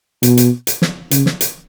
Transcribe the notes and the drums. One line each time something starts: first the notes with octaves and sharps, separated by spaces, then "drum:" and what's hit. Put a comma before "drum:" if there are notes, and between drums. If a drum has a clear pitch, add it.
B2, drum: hi-hat
drum: hi-hat
drum: hi-hat
drum: snare
C#3, drum: hi-hat
drum: snare
drum: hi-hat